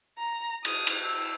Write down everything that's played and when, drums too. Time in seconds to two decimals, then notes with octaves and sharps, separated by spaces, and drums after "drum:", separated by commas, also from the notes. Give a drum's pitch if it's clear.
0.18 A#5
0.65 D#6, drum: cymbal
0.87 drum: cymbal
1.04 E6